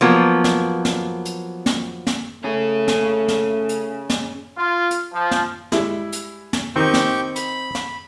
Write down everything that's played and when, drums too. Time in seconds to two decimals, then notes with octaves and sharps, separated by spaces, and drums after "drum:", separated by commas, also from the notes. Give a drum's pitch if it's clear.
0.01 F3 F#3 A#3 B3
0.44 drum: snare
0.85 drum: snare
1.25 drum: hi-hat
1.66 drum: snare
2.07 drum: snare
2.44 A3 C#4 G#4
2.88 drum: snare
3.28 drum: snare
3.69 drum: hi-hat
4.10 drum: snare
4.58 F4
4.91 drum: hi-hat
5.14 F3
5.31 drum: snare
5.72 G3 G#3 E4, drum: snare
6.12 drum: hi-hat
6.53 drum: snare
6.76 D#3 C4 D#4 G4 C#6 G6
6.94 drum: snare
7.36 B5, drum: hi-hat
7.75 drum: snare